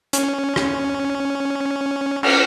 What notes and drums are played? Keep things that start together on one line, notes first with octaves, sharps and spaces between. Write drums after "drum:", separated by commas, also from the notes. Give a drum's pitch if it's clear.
C#4, drum: hi-hat
drum: rim click
C#4, drum: cymbal